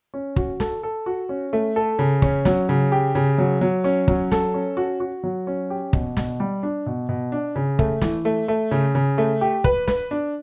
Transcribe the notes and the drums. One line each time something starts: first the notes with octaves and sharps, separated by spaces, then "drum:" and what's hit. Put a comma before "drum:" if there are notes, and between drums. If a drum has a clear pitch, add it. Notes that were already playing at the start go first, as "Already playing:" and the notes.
C#4
F#4, drum: kick
A4, drum: snare
A4
F#4
C#4
A3
A4
C#3
C#4, drum: kick
F#3, drum: snare
C#3
G4
C#3
F#3
F#3
C#4
F#3, drum: kick
A4, drum: snare
C#4
F#4
F#4
F#3
C#4
G4
B2, drum: kick
B2, drum: snare
G3
D4
B2
B2
D4
C#3
A3, drum: kick
E3, drum: snare
A3
A3
C#3
C#3
A3
G4
B4, drum: kick
B4, drum: snare
D4